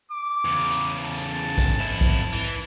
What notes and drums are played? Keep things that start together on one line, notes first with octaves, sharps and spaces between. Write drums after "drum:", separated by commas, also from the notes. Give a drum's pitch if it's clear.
D6
E2 C#3
drum: tambourine
A5
drum: tambourine
drum: kick, tambourine
F2 E4
drum: kick, tambourine
E3
drum: tambourine